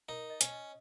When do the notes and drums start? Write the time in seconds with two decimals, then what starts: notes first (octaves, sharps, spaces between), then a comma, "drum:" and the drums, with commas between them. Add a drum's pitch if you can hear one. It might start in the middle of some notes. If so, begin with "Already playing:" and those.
0.09 D#4 A#4
0.30 D#5
0.41 C#4, drum: hi-hat
0.52 D#5